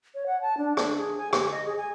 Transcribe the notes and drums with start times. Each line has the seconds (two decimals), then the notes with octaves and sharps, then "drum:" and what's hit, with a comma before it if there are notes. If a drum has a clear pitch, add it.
0.15 C#5
0.26 F#5
0.42 A5
0.57 D4
0.77 D4, drum: rim click
0.97 G#4
1.18 G#5
1.33 G4, drum: rim click
1.51 D#5
1.65 G#4
1.78 G#5